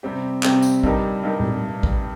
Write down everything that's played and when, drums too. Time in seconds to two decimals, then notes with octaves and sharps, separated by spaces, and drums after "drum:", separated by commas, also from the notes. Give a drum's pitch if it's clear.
0.03 C3 G3 C4 G4
0.43 C3 G3 C4 G4, drum: clap
0.62 drum: tambourine
0.83 G2 G3 D#4 G4 A#4, drum: kick A1
1.24 G2 G3 D#4 G4 A#4
1.40 drum: tom A#2
1.83 drum: kick A1